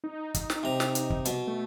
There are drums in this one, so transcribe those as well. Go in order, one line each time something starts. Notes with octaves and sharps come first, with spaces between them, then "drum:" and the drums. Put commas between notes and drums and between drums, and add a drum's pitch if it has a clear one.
D#4
drum: kick, hi-hat
drum: snare
C3 A#5
drum: snare
drum: hi-hat
drum: kick
B2, drum: hi-hat
A3